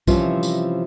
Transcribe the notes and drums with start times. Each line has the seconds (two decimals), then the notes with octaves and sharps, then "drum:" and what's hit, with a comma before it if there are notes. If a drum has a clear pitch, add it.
0.07 C3 E3 F3 G3 C#4 F4, drum: kick B1, tambourine
0.43 drum: tambourine